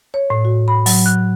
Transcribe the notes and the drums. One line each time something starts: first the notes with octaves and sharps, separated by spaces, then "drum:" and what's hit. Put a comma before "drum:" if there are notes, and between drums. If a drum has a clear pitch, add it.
C#5
A2
F#4
B5
F#3, drum: open hi-hat
F#6